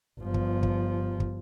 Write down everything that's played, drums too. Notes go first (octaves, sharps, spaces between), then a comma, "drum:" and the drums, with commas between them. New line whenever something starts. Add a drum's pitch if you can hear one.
G1 F3
drum: kick
drum: kick
drum: kick